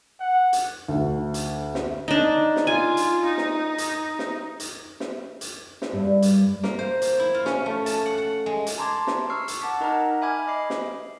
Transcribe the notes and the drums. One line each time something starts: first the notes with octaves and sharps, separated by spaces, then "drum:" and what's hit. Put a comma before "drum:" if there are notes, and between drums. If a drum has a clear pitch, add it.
F#5
drum: hi-hat
D2
drum: hi-hat
drum: snare
D4 D#4
drum: snare
F4 G#5
drum: hi-hat
D#4
drum: snare
drum: hi-hat
drum: snare
drum: hi-hat
drum: snare
drum: hi-hat
drum: snare
G2
drum: hi-hat
A#3, drum: snare
C5
C5, drum: hi-hat
E4
F4
C#4, drum: snare
A3
A5, drum: hi-hat
F#5
F#5
G#3
drum: hi-hat
A5 A#5 C6 D6 G#6
drum: snare
C#6 E6 F6 C7
drum: hi-hat
F#5 A5 D6 B6
D#4 A#4 D#5 F#5 A#5
E5 G#5 B5 D6 F6 G#6
D#5 B5 D6 C7
drum: snare